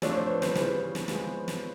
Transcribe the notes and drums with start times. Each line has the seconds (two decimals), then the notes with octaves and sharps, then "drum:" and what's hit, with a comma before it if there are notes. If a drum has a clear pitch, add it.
0.02 F3 A3 D4 C#5, drum: snare
0.16 C5
0.29 B4
0.42 C5, drum: snare
0.55 C#3 E3 G3 B4, drum: snare
0.95 drum: snare
1.08 F3 G#3 B3, drum: snare
1.48 drum: snare